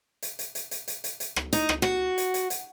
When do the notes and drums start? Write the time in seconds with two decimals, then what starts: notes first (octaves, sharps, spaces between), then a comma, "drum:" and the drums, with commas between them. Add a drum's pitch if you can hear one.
0.22 drum: hi-hat
0.39 drum: hi-hat
0.55 drum: hi-hat
0.71 drum: hi-hat
0.88 drum: hi-hat
1.04 drum: hi-hat
1.20 drum: hi-hat
1.36 drum: rim click
1.53 D#4, drum: hi-hat
1.69 drum: rim click
1.82 F#4, drum: rim click
2.18 drum: hi-hat
2.34 drum: hi-hat
2.50 drum: hi-hat